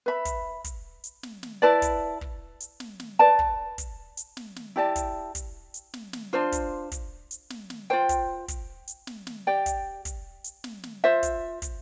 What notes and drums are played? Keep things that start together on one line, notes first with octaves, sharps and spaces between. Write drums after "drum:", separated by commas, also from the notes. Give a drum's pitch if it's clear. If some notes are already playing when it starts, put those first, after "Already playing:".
B4 E5 B5
drum: kick, hi-hat
drum: kick, hi-hat
drum: hi-hat
drum: snare
drum: snare
E4 B4 D5 A5
drum: kick, hi-hat
drum: kick
drum: hi-hat
drum: snare
drum: snare
B4 D5 A5
drum: kick
drum: kick, hi-hat
drum: hi-hat
drum: snare
drum: snare
E4 G4 D5 A5
drum: kick, hi-hat
drum: kick, hi-hat
drum: hi-hat
drum: snare
drum: snare
D4 F4 C5
drum: kick, hi-hat
drum: kick, hi-hat
drum: hi-hat
drum: snare
drum: snare
F4 C5 G5
drum: kick, hi-hat
drum: kick, hi-hat
drum: hi-hat
drum: snare
drum: snare
G4 D5 G5
drum: kick, hi-hat
drum: kick, hi-hat
drum: hi-hat
drum: snare
drum: snare
F4 C5 E5
drum: kick, hi-hat
drum: kick, hi-hat